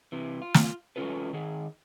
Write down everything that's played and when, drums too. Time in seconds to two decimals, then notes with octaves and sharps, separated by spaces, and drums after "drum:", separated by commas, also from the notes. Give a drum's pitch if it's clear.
0.12 C3 E3
0.42 F4
0.54 drum: snare
0.96 E3 G3 C#4 F4 A4 B4
1.33 D#3 G#4